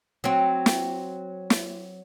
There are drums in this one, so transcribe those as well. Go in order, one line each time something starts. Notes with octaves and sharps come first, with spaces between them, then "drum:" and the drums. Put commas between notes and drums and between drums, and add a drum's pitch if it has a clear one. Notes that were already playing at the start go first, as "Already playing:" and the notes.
F#3 C4
drum: snare
drum: snare